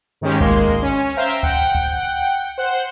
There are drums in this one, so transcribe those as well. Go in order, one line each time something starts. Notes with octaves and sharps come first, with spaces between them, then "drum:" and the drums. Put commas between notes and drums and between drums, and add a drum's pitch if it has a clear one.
G#2 D#3 G#3 C#4 G4
G#1 G#3 A#3 C6, drum: kick C#2
drum: kick C#2
C#4
C5 E5 F5 G5 A#5
F#5 G5, drum: kick C#2
drum: kick C#2
C5 F#5